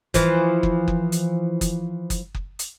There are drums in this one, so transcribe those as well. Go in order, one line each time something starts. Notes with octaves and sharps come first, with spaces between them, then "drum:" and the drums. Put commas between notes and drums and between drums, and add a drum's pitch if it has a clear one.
E3 F3, drum: kick F#1, hi-hat
drum: kick F#1
drum: kick F#1
drum: hi-hat
drum: kick F#1, hi-hat
drum: kick F#1, hi-hat
drum: kick F#1
drum: hi-hat